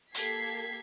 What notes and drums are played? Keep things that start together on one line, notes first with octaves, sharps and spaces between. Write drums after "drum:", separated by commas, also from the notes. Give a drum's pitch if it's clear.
A#3 G4 A4 G#6 B6 C7, drum: hi-hat